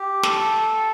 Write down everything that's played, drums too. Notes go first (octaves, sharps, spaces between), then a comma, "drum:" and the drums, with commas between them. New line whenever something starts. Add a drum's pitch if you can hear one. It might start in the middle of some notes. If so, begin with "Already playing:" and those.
Already playing: G4
A4, drum: snare